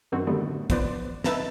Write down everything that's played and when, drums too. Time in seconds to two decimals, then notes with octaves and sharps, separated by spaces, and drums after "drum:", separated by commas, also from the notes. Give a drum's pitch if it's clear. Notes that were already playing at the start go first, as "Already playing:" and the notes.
0.12 F#2 D3 D#3 C4 F#4
0.27 A2 D3 D#3 G3 A3 B3
0.70 E3 F3 B3 B4 C5 D5, drum: kick, hi-hat
1.24 D#4 B4 E5 A5 A6 E7, drum: snare